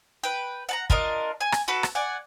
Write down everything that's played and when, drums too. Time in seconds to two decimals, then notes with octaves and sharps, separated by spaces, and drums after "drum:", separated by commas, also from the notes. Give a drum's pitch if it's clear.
0.23 B4 G5
0.69 F#5 A5 A#5
0.90 D4 F4 A#4 D#5, drum: kick
1.40 G#5
1.52 drum: rim click
1.68 F#4 A4 B4
1.83 drum: rim click
1.95 D5 F#5 G#5